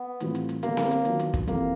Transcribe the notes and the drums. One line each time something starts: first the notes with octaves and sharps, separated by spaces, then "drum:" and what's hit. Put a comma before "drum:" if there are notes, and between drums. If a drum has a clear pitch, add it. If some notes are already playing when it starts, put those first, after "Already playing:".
Already playing: B3
A2 E3 G3 C4 F4, drum: hi-hat
drum: hi-hat
drum: hi-hat
D3 G3 A#3 B3 D4 G4, drum: hi-hat
drum: snare C4
drum: hi-hat
D#3 F#3 B3 D4 F4, drum: hi-hat
drum: hi-hat
drum: kick, hi-hat
F2 C3 E3 A#3, drum: hi-hat